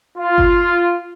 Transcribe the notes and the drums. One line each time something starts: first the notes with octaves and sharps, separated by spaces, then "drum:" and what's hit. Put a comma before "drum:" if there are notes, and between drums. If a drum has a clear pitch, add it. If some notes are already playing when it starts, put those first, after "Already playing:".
F4
drum: kick G1